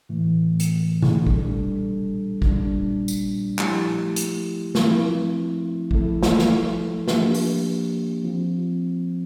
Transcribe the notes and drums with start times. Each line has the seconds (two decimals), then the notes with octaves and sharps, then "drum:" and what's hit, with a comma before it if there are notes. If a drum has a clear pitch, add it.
0.09 A2 E3 A3
0.60 drum: hi-hat
1.02 drum: tom B2
1.27 A#2 G3 D4 A4, drum: kick
2.42 A#2 G3 D4, drum: kick
3.08 drum: tambourine
3.59 F3 A3 E4 G4, drum: clap
4.16 drum: hi-hat
4.75 F3 A3 C4 E4, drum: snare
5.91 F3 A3 E4 A4, drum: kick
6.23 drum: snare
6.39 drum: snare
7.08 F3 A#3 D4 G4, drum: snare
7.34 drum: open hi-hat
8.24 F3 C4 F4